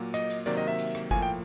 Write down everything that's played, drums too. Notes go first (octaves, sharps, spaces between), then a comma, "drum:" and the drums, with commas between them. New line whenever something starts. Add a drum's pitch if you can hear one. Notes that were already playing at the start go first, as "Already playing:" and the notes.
Already playing: A#2 F#3 A#3
D#5, drum: rim click
drum: hi-hat
C3 D#3 F#3 A#3 D5, drum: hi-hat
D#5
E5
drum: hi-hat
drum: rim click
A2 F3 A#3 G#5, drum: kick G1
G5